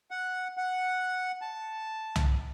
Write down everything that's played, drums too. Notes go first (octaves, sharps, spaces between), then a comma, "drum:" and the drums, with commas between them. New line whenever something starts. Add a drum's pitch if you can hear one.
F#5
F#5
A5
drum: tom C2